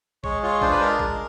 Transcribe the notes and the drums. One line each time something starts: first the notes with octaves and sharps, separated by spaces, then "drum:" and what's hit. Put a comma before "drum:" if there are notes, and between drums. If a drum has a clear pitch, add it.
G#3 C#5, drum: kick A1
F4 C#5
D4 C5, drum: kick A1
B4
G#3 A#4
G#3, drum: kick A1